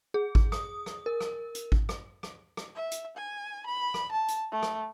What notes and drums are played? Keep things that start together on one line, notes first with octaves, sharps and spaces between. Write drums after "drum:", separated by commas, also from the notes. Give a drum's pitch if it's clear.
G#4
drum: kick G#1
D#6, drum: rim click
drum: rim click
A#4
drum: rim click
drum: hi-hat
drum: kick G#1
drum: rim click
drum: rim click
drum: rim click
E5
drum: hi-hat
G#5
B5
drum: rim click
A5
drum: hi-hat
A3
drum: rim click